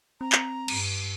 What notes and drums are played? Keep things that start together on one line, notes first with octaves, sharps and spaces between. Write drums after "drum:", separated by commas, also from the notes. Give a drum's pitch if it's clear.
C4 A#5
drum: clap
G2, drum: cymbal